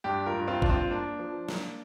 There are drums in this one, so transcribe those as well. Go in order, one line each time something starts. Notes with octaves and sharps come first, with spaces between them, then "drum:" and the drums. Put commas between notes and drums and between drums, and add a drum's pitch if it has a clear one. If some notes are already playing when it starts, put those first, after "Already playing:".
G2 D4 G4
F4 A#4
G2
C4 F4
G2 D4, drum: kick G#1
C4 F4
A#3 D4
F3
A#3, drum: snare